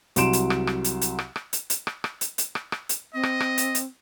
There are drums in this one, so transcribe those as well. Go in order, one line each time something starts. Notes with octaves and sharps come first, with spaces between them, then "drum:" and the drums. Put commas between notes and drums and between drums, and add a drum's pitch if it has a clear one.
C2 F#3 C6 D7 E7, drum: hi-hat
drum: hi-hat
drum: rim click
drum: rim click
drum: hi-hat
drum: hi-hat
drum: rim click
drum: rim click
drum: hi-hat
drum: hi-hat
drum: rim click
drum: rim click
drum: hi-hat
drum: hi-hat
drum: rim click
drum: rim click
drum: hi-hat
C4 D#5
drum: rim click
drum: rim click
drum: hi-hat
drum: hi-hat